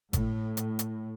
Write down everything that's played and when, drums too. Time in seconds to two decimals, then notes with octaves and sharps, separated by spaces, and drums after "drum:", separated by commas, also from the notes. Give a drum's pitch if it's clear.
0.13 A2, drum: kick G#1, hi-hat
0.57 drum: hi-hat
0.79 drum: hi-hat